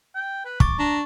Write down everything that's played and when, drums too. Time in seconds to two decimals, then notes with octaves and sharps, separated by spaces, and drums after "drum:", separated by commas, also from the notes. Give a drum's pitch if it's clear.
0.15 G5
0.45 B4
0.60 C#6 D6 A6, drum: kick
0.79 D4 A#5